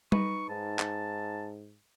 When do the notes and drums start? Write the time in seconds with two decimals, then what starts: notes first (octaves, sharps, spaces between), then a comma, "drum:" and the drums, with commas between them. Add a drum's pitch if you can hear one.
0.12 D#4 B4 C#6, drum: tom G3
0.49 G#2 A5
0.79 drum: clap